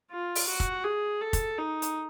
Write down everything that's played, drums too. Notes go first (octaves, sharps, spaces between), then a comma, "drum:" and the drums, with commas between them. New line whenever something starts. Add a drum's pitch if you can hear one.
F4
drum: open hi-hat
F#4
drum: kick
G#4
A4
drum: kick, hi-hat
D#4
drum: hi-hat